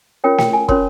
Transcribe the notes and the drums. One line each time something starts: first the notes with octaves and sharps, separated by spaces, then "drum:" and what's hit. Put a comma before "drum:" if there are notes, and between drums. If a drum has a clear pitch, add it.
C#4 F4 A#4 C#5 G5
G5, drum: snare
G#5
C#4 F4 A#4 C#5 C6, drum: kick